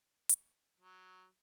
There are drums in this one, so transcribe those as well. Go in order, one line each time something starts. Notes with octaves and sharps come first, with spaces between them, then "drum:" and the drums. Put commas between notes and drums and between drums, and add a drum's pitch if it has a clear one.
drum: hi-hat
F#3